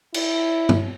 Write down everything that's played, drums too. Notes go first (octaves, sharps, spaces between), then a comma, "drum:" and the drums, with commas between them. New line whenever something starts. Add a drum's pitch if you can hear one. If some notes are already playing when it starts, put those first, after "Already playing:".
E4, drum: cymbal
drum: tom